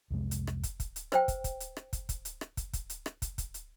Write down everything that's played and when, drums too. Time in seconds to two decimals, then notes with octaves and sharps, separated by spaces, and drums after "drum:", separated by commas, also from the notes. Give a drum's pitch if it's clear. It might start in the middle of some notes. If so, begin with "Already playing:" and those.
0.10 C2 F2 C3 G#3
0.31 drum: hi-hat
0.47 drum: rim click
0.63 drum: kick, hi-hat
0.80 drum: kick, hi-hat
0.96 drum: hi-hat
1.12 B4 C5 G5, drum: rim click
1.28 drum: kick, hi-hat
1.44 drum: kick, hi-hat
1.60 drum: hi-hat
1.77 drum: rim click
1.93 drum: kick, hi-hat
2.09 drum: kick, hi-hat
2.25 drum: hi-hat
2.41 drum: rim click
2.57 drum: kick, hi-hat
2.73 drum: kick, hi-hat
2.90 drum: hi-hat
3.06 drum: rim click
3.22 drum: kick, hi-hat
3.38 drum: kick, hi-hat
3.54 drum: hi-hat